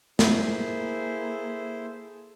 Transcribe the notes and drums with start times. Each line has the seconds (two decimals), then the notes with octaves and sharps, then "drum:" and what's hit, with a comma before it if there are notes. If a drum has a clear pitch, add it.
0.19 A#3 E4 G#4 A4 C5, drum: snare